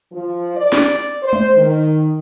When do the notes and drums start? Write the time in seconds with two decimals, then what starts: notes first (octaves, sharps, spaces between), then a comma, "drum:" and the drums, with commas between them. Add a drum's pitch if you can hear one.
0.12 F3
0.57 D5
0.73 drum: snare
1.22 C5
1.33 drum: tom G#3
1.56 D#3